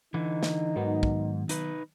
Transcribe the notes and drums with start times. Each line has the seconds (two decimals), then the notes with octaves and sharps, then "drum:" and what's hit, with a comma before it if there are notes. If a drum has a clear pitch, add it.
0.14 D3 E3 D#4
0.43 drum: snare
0.76 G#2 D#3 F#3 B3
1.03 drum: kick
1.49 D#4 B4, drum: hi-hat